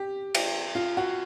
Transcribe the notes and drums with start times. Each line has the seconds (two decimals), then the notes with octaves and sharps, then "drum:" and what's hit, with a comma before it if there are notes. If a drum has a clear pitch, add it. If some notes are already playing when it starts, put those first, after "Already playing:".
Already playing: G4
0.35 drum: cymbal
0.75 F4
0.97 F#4